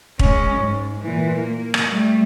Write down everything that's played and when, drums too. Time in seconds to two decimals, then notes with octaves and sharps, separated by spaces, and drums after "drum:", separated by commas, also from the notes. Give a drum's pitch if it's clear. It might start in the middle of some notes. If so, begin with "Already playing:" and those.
0.19 G#3 C#4, drum: kick
0.59 G#2
1.01 A#2 E3
1.36 A#3
1.74 drum: rim click
1.88 G3 A3